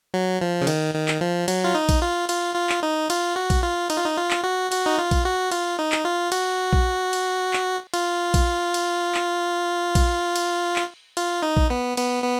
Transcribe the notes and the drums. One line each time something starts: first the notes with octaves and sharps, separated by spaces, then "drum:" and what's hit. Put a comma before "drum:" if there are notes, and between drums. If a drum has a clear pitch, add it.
F#3
F3
C#3
D#3, drum: cymbal
D#3
drum: clap
F3
F#3, drum: cymbal
F4
D#4
drum: kick A#1, cymbal
F4
F4, drum: cymbal
F4
drum: clap
D#4
F4, drum: cymbal
F#4
drum: kick A#1, cymbal
F4
D#4, drum: cymbal
F4
D#4
F4
drum: clap
F#4
F#4, drum: cymbal
D#4
F4
drum: kick A#1, cymbal
F#4
F4, drum: cymbal
D#4
drum: clap
F4
F#4, drum: cymbal
drum: kick A#1
drum: cymbal
drum: clap
F4, drum: cymbal
drum: kick A#1, cymbal
drum: cymbal
drum: clap
drum: kick A#1, cymbal
drum: cymbal
drum: clap
F4, drum: cymbal
D#4
drum: kick A#1
B3
B3, drum: cymbal
B3